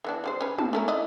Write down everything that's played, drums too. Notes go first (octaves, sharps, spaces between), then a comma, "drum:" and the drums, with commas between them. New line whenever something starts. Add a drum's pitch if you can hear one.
E3 B3 D4
C#3 G3 C5
C#4 B4
A5, drum: tom
A3 C#4 A#4
E4 D5 D#5